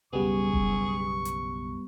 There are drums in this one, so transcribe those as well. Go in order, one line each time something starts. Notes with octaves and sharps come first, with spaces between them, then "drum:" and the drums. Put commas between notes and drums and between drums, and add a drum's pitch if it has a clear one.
B1 F#2 C#3 G3 B3 G#4 C#6
drum: kick F1
drum: hi-hat